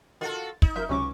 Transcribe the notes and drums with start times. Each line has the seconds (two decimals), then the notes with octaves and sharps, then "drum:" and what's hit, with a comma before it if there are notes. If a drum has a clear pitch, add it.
0.21 D#3 F4 F#4 A4 A6
0.62 D#4, drum: kick
0.76 F#2 F4 A#4 E5 G6
0.89 C#2 C3 F#3 C#4 E5 C#6 D6